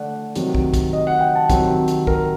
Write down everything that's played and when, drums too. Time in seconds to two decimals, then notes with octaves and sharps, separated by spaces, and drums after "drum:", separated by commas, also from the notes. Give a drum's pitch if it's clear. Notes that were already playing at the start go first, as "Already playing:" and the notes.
Already playing: D3 A3 D5 F#5
0.35 C3 D#3 F#3, drum: hi-hat
0.55 drum: kick
0.74 drum: kick, hi-hat
0.93 D#5
1.07 F#5
1.21 G5
1.35 A5
1.50 C3 D#3 F#3 C4, drum: kick, hi-hat
1.88 drum: hi-hat
2.07 A#4, drum: kick